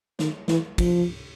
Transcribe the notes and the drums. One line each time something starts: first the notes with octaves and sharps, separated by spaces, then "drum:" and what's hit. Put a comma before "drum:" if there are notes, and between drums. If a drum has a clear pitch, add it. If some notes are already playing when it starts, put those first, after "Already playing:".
D#3, drum: snare
E3, drum: snare
F3, drum: kick, cymbal